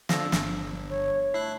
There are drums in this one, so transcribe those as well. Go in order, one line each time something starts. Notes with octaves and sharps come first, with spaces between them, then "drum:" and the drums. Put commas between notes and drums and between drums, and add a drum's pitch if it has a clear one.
D3 F3 D4 E6 A#6, drum: snare
G1, drum: snare
C#5
A3 E4 F#6